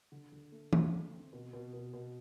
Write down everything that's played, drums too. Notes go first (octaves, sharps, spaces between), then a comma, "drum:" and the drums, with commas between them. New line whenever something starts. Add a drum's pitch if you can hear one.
D3
D3
A3
A3, drum: tom
D3
C4
B2
B2
B2
B2